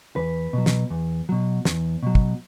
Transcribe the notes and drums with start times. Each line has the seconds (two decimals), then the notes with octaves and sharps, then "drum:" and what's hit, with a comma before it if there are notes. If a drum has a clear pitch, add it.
0.16 E2 B4
0.53 B2 F#3
0.66 drum: snare
0.90 E2
1.29 B2 F#3
1.65 E2, drum: snare
2.03 B2 F#3
2.15 drum: kick